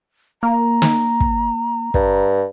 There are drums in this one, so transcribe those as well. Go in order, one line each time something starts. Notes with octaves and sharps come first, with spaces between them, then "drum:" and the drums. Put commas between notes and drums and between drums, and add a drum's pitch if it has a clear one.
A#3 A#5
drum: snare
drum: kick
G2, drum: kick